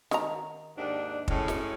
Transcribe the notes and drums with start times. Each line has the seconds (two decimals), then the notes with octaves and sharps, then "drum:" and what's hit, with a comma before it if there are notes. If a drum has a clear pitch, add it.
0.11 D#3 A#5, drum: snare
0.76 D#2 G#2 D4
1.28 A2 G#3 C#4, drum: kick
1.48 drum: snare